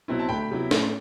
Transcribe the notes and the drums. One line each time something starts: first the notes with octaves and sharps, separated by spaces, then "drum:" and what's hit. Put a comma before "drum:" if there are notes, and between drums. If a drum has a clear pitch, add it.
B2 F#3 C4 E4
A5
D2 G5 B5
C3 F#3 B3 E4
A2, drum: snare